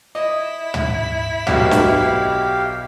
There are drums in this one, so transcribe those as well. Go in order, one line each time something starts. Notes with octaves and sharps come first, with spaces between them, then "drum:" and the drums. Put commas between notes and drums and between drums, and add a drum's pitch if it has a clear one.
E4 D#5 B6
drum: tom
B1 B2 G4 F5, drum: tom
drum: snare